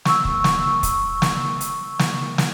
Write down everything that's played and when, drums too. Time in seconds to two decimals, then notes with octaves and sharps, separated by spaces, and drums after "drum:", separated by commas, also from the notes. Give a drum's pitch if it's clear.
0.05 C#6 E6, drum: snare
0.25 drum: kick
0.44 drum: snare
0.83 drum: kick, hi-hat
1.22 drum: snare
1.61 drum: hi-hat
1.99 drum: snare
2.38 drum: snare